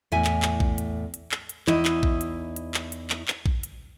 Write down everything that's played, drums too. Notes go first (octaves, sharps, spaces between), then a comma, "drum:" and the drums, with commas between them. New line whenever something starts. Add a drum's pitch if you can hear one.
E2 A2 E5 G#5
drum: clap
drum: clap
drum: kick
drum: hi-hat
drum: hi-hat
drum: clap
drum: hi-hat
E2 D#4 E4 D#5, drum: clap
drum: clap
drum: kick
drum: hi-hat
drum: hi-hat
drum: clap
drum: hi-hat
drum: clap
drum: clap
drum: kick
drum: hi-hat